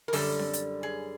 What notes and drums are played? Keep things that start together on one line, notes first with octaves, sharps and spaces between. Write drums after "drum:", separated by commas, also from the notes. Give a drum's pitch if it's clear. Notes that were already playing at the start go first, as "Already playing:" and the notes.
A#4
F#2 D3 G3 A4, drum: open hi-hat
drum: snare C4
drum: hi-hat
G#4